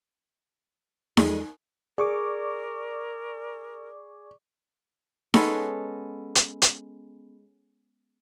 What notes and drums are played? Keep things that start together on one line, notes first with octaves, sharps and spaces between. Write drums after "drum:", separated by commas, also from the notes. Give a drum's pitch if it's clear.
E2 F3 G3 G#3 G#4 A4, drum: snare D#4
G#4 A#4 D5 C#6 D6
G#3 B3 C#4 A4, drum: snare D#4
drum: hi-hat
drum: hi-hat